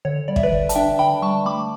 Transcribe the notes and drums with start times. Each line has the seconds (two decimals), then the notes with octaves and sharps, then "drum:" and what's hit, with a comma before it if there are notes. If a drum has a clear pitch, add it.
0.05 D3 C#5
0.28 G3 D5
0.36 E5, drum: kick
0.43 B4 D5
0.52 D3
0.69 A5, drum: hi-hat
0.75 D4 E5 G5
0.99 D3 G5 B5
1.22 G3 A5 C#6
1.46 A3 B5 D6